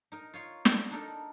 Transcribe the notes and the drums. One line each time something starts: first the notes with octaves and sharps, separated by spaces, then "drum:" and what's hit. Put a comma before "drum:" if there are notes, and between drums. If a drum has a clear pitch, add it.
D#4 A#4
F4 C#5 C6
drum: snare
D4 D#4 A4 A#4